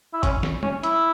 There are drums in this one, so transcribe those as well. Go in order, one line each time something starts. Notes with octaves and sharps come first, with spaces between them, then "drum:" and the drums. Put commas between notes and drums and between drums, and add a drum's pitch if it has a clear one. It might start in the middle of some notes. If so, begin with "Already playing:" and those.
E4
C#4, drum: kick G#1, hi-hat
drum: snare
C#4, drum: tom G3
E4, drum: hi-hat